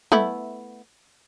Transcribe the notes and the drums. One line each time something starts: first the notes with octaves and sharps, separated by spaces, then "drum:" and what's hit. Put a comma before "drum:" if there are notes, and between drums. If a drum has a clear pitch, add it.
A3 B3 E4, drum: tom